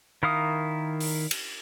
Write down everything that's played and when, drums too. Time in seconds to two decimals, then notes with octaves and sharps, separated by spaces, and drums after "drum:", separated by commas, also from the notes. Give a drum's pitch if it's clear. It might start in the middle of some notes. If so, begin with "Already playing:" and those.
0.23 D#3 E4 A#4 F5 D#6
1.00 drum: open hi-hat
1.31 drum: cymbal